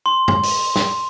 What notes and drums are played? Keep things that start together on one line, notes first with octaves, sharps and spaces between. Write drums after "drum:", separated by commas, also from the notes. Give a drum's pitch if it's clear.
C6
drum: tom
drum: open hi-hat
drum: snare